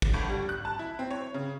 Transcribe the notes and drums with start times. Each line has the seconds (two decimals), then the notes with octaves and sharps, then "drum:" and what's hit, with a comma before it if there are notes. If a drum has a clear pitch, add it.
0.02 drum: kick
0.14 G1
0.29 G3
0.49 F#6
0.65 A5
0.79 E4
0.99 C4
1.11 C#5
1.34 C#3